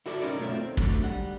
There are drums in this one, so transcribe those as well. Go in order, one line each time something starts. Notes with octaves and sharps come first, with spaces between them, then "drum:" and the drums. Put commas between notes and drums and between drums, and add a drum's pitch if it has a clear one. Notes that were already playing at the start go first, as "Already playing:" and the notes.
E4 F#4 A4 D5
C#4 D#4 A#4 D5
B1 A3 F4 C#5 E5
C4
G#2 D3 F#3 A3, drum: kick
G3 F#5